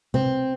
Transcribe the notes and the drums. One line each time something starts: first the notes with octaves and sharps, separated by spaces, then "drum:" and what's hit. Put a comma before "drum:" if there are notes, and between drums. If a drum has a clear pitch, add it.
C4, drum: tom C3